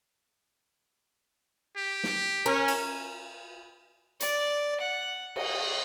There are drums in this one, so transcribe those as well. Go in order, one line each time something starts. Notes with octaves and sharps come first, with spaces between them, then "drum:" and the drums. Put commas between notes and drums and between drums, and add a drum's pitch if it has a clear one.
G4
drum: snare
C#4 A#4
drum: cymbal
D5, drum: hi-hat
F#5
D#5, drum: cymbal